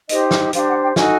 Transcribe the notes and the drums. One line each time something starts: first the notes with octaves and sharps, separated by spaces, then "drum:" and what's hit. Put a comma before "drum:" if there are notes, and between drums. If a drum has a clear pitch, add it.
D#4 G4 C5 D#5, drum: hi-hat
drum: snare
D4 G4 C5 F5, drum: hi-hat
F#5
G5
D#4 F#4 A4 G#5, drum: snare